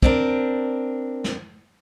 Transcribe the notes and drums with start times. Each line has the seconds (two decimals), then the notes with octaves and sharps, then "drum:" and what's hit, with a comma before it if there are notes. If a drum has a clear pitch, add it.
0.03 C4 D4 A#4, drum: kick
1.24 drum: snare